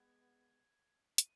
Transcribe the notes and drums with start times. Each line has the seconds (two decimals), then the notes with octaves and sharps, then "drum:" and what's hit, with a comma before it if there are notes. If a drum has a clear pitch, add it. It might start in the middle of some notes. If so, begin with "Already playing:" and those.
Already playing: G#3 B3 G#6
1.18 D#7, drum: hi-hat